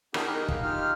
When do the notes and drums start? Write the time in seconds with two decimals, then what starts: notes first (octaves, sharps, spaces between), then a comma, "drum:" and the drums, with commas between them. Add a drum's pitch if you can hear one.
0.14 B3 D4 E4 G4 G#4 A#4, drum: rim click
0.27 D#4 G4 G#4 A#4 F#6
0.48 F5, drum: kick
0.63 D#4 F4 G4 F6